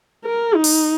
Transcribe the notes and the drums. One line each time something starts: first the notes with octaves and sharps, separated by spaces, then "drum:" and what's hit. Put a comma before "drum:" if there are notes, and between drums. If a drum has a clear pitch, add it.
A#4
D#4
drum: open hi-hat